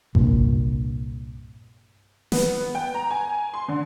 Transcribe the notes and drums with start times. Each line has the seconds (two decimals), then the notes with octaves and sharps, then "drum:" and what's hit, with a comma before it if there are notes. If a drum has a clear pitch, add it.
0.15 C2 G2 A#2, drum: kick G#1
2.32 B3, drum: snare
2.75 G5
2.94 A#5
3.10 G#5
3.53 C6
3.68 D3